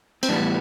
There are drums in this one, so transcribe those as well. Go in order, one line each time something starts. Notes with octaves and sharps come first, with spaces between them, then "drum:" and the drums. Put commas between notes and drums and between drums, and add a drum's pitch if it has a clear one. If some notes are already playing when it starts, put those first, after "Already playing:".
C4, drum: cymbal
A2 E3 G3 B3 D4